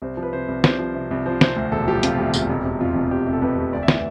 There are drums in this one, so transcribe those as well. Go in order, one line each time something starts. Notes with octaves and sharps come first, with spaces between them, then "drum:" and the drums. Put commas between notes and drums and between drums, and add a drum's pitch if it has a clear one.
C2 C5
F3
B4
C3 C5
C2
C2 C5, drum: snare
F3
C3
C2
F3 C5
C3 C5, drum: snare
D2
E1 A4
F3 G4
C3 F4, drum: hi-hat
D2 G4
E1, drum: tambourine
F1
C3
F2 F4
F1
F1 G4
C3
A4
F2 B4
F1
D2 D5
E5
E3, drum: snare
E5